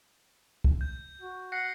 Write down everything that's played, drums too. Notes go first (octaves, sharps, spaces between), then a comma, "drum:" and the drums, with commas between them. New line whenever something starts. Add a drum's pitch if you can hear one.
drum: kick
G6
F#4
F#5 A#6 C7 C#7